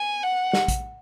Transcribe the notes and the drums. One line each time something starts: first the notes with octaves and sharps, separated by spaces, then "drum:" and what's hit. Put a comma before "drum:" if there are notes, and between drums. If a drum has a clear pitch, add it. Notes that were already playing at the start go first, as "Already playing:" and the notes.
Already playing: G#5
F#5
drum: snare
drum: kick, hi-hat